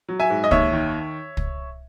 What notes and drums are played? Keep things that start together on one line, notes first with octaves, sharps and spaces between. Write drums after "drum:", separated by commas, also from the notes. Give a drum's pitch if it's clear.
F#3
E5 G#5
G#2
D#5
D#2 C#5 E5, drum: kick
D#3
drum: kick